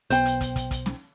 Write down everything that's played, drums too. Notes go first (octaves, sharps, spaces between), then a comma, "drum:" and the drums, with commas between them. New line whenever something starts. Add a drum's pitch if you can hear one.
B1 B3 C5 G5, drum: hi-hat
drum: hi-hat
drum: kick, hi-hat
drum: kick, hi-hat
drum: kick, hi-hat
drum: snare